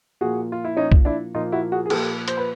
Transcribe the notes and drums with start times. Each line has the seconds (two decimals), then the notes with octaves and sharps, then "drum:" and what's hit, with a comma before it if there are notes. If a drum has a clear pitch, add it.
0.21 A#2 F3 A#3 F#4 G#4
0.52 F4
0.65 E4
0.77 A#2 F3 A#3 C#4 D#4
0.92 drum: kick B1
1.05 D4 E4
1.34 A#2 F3 A#3 D#4 F4
1.52 E4 F#4
1.72 F#4 G#4
1.86 G#4
1.90 A#2 F3 A#3 G4 A4, drum: cymbal
2.28 C5, drum: hi-hat
2.37 B4